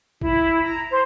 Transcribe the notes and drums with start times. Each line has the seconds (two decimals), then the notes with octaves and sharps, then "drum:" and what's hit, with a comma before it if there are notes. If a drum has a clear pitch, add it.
0.21 E4, drum: kick G#1
0.62 A#5
0.90 C5